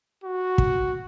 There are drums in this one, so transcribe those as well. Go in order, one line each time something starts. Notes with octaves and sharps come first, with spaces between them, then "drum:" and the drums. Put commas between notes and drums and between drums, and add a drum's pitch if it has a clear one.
F#4
drum: kick